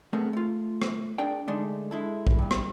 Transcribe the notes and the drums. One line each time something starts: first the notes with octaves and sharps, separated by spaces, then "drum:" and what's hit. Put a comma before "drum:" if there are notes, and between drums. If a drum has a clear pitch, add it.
A3 B3 C4 G#4 A#4
A3 F4
drum: rim click
D4 G#4 A#4 D5 G5
D3 G#3 A3 D4 D#4
G#3 E4 A4
drum: kick B1
G2 A#2
drum: rim click